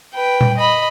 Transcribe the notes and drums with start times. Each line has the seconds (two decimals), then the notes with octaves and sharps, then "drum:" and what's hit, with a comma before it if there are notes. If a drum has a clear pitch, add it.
0.14 B4 G5
0.41 drum: tom A#2
0.57 D#5 B5